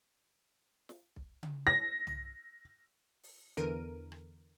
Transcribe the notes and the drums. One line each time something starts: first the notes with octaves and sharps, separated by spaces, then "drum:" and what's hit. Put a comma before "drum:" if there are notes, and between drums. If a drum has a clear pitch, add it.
drum: snare
drum: kick B1
drum: tom C#3
A#6
drum: tom
drum: open hi-hat
E2 D3 E3 A#4 D7 D#7
drum: rim click